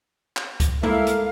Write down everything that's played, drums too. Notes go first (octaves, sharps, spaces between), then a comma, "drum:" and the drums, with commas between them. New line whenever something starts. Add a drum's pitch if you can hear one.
drum: clap
drum: kick C#2, hi-hat
A#3 E4 A4 F5, drum: tom G#3
drum: hi-hat